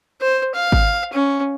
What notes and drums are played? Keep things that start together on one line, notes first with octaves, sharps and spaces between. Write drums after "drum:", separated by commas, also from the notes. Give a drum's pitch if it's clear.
C5
F5
drum: kick G#1
C#4